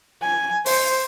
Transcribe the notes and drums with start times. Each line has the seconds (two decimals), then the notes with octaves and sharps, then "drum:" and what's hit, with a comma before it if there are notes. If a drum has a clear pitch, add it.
0.22 G#5
0.66 C5, drum: open hi-hat